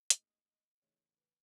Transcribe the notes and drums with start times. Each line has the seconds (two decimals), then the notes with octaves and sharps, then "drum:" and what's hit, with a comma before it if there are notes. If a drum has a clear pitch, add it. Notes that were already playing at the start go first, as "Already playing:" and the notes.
0.10 A2 G#3 B3 D#4 D#5, drum: hi-hat
0.82 C#3 E3 A3 D#4 C#5
1.17 B4